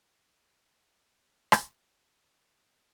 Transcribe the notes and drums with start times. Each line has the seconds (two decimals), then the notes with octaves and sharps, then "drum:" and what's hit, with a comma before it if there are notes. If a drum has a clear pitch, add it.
1.09 B2 F#4 G#6
1.52 drum: rim click
1.88 G1 D3 G4
2.25 C#5 D#6 F#6